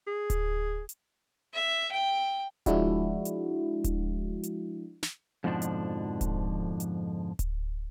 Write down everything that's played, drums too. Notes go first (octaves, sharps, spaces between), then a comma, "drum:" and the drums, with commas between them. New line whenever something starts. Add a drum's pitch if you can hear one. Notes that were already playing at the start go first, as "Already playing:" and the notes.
G#4
drum: kick D1, hi-hat
drum: hi-hat
E5
G5
F3 G#3 D4 E4 F#4, drum: kick D1, hi-hat
drum: hi-hat
drum: kick D1, hi-hat
drum: hi-hat
drum: snare
F2 G#2 B2 D3 F3 D4
drum: hi-hat
drum: kick D1, hi-hat
drum: hi-hat
drum: kick D1, hi-hat